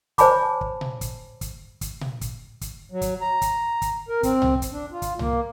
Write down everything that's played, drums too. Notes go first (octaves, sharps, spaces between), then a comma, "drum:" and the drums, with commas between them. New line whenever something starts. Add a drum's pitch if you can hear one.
C5 C#5 G#5 A5 B5 D6, drum: kick, hi-hat
drum: kick
drum: tom A#2
drum: kick, hi-hat
drum: kick, hi-hat
drum: kick, hi-hat
drum: tom A#2
drum: kick, hi-hat
drum: kick, hi-hat
F#3
drum: kick, hi-hat
A#5
drum: kick, hi-hat
drum: kick, hi-hat
A#4
C4, drum: kick, hi-hat
drum: tom C2
drum: kick, hi-hat
D4
F4
drum: kick, hi-hat
A#3, drum: tom C2